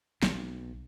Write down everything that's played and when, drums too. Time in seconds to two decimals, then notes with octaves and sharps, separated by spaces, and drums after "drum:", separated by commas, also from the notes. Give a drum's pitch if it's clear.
0.23 B1, drum: snare